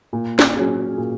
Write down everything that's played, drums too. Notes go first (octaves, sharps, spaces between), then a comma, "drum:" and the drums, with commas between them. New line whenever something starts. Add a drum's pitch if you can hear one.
A#2
drum: snare
F#3 C#4 G#4
A#2